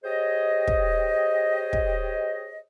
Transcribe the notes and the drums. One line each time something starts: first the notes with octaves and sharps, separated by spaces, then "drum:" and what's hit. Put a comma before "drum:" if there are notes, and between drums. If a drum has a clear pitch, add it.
G4 G#4 C5 C#5 D#5
drum: kick
drum: kick